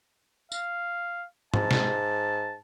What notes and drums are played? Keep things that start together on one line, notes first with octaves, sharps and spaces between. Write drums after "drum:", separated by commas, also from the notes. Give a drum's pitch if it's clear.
F5, drum: tambourine
G#2 A5, drum: tom
drum: snare